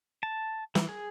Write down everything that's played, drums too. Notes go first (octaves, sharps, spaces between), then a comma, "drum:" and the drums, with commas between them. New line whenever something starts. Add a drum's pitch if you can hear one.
A5
E3, drum: snare
G#4